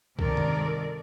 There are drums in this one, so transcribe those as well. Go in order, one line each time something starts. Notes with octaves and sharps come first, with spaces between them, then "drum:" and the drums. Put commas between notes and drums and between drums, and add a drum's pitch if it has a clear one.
C3 D#3 G#3 A4 A#4 D5, drum: kick C#2
drum: tom G2